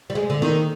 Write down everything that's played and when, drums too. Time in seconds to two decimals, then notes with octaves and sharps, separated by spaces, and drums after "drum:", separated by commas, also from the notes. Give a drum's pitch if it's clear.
0.10 G3
0.15 G#3
0.30 D3
0.42 D#3, drum: tom A#3